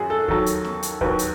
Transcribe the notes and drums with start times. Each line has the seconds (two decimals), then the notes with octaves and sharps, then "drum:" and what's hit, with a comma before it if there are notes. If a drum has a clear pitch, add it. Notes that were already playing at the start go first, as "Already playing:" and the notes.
Already playing: F#2 D#3 F#4 G#4
0.10 A4
0.28 D#2 D#3 F#3 A4, drum: kick D2
0.46 drum: hi-hat
0.64 drum: snare B3
0.83 drum: hi-hat
1.01 D#2 D#3 F#3 B4, drum: kick D2
1.19 drum: hi-hat